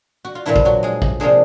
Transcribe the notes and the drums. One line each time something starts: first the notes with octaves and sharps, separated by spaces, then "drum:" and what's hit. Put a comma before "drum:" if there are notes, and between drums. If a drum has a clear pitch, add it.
F#4
F4
A#2 E3 F3 A#3 D4 E4
drum: kick
F#3 F#4
G#3 G#4
drum: kick
C3 F3 G#3 A#3 D4 G#4